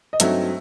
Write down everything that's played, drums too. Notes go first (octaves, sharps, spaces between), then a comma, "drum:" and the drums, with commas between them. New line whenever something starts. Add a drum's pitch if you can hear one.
D#5
G2 F#3 A3 C4 D#4 E5, drum: hi-hat